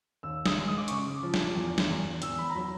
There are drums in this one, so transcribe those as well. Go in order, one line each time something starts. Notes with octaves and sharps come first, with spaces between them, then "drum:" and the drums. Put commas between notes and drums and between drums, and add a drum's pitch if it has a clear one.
D#2 E6
D#6, drum: snare
G#3
D#6
D6
C#3 C#6, drum: hi-hat
D6
F3
drum: snare
E2
drum: snare
E2
E2 E6, drum: hi-hat
B5
A#5
F#3 B5